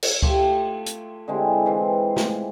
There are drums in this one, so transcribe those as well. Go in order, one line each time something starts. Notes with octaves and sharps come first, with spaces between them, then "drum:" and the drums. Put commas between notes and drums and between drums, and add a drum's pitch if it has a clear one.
drum: cymbal
A3 F4 G4, drum: kick C#2
drum: hi-hat
D3 G#3 C4 E4
E3 C4 F4
drum: snare